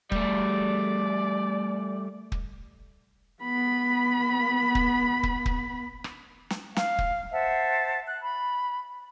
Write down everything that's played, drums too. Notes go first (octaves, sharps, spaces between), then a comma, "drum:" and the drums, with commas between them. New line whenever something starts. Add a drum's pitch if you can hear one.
G3 A3 D5, drum: kick
drum: kick
B3 B5
drum: kick
drum: kick
drum: kick
drum: rim click
drum: snare
F5, drum: snare
drum: kick
C5 E5 F#5 A5
F#6
B5